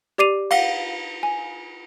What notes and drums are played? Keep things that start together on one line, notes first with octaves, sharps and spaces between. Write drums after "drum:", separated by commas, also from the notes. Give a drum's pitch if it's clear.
G4 D5 D6 C7 D#7 F7
F5 F#5, drum: cymbal
G#5